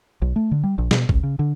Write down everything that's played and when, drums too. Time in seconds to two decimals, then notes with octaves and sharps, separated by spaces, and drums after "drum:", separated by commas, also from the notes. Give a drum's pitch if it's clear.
0.22 B1
0.36 A3
0.51 D3
0.64 G3
0.78 A#1
0.91 B2, drum: snare
1.09 C#2, drum: kick
1.23 C#3
1.39 D3